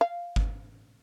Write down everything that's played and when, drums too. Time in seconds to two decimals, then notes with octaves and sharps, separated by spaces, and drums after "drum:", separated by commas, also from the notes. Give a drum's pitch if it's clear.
0.01 F5
0.36 drum: kick G1